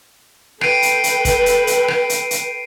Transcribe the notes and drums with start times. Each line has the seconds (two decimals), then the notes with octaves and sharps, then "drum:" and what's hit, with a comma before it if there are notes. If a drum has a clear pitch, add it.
0.61 A4 B4 G5 C7 D7 D#7, drum: rim click
0.82 drum: hi-hat
1.04 drum: hi-hat
1.25 drum: kick, hi-hat
1.46 drum: hi-hat
1.67 drum: hi-hat
1.88 drum: rim click
2.09 drum: hi-hat
2.31 drum: hi-hat